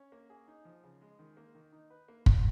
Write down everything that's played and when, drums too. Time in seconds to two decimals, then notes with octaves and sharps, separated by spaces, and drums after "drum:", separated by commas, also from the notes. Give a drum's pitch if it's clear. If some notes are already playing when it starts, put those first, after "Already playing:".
Already playing: C#4
0.12 A#3
0.30 G#4
0.48 D#4
0.65 F3
0.84 C#3
1.01 G#3
1.19 D#3
1.37 A#3
1.55 D#3
1.73 D#4
1.90 B4
2.08 A#3
2.26 D#3, drum: kick